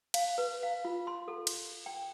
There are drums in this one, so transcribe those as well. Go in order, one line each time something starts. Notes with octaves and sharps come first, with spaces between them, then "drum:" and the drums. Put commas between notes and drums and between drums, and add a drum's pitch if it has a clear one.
F5, drum: cymbal
B4
F5
F4
C6
A4
drum: cymbal
G5